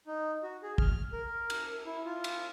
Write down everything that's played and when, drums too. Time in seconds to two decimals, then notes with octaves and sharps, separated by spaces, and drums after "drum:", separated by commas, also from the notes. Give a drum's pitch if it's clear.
0.07 D#4
0.43 F#4
0.63 G#4
0.78 F6, drum: kick
1.13 A#4
1.50 drum: cymbal
1.86 E4
2.05 F4
2.24 drum: cymbal